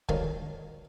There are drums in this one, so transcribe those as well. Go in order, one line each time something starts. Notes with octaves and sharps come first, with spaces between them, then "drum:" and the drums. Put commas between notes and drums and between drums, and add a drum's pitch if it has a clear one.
D3 D#3 F3 F#3 G#3, drum: kick